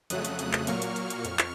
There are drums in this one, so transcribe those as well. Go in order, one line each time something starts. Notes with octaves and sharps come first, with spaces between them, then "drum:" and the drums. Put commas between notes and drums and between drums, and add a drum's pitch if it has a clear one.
F2 C#3 F#3 A3 D#6 F#6, drum: hi-hat
drum: hi-hat
D#6 F#6, drum: hi-hat
drum: clap
A#2 F#3 A#3 C#6 F6, drum: hi-hat
drum: hi-hat
drum: hi-hat
drum: hi-hat
F2, drum: hi-hat
drum: clap